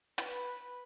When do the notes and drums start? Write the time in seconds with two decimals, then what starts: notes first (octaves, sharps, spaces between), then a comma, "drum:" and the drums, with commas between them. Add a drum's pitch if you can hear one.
0.18 B4, drum: hi-hat